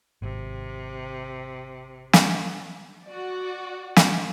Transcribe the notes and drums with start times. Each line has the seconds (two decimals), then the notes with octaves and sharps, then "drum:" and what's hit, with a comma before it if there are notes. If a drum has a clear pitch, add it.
0.22 G#1 C3
2.13 drum: snare
3.05 F#4 D5
3.96 drum: snare